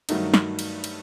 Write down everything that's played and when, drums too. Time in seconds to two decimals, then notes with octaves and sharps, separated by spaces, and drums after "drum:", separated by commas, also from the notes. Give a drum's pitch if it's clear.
0.09 G2 D#3 F#3 A3 D#4, drum: cymbal
0.34 drum: snare
0.59 drum: cymbal
0.84 drum: cymbal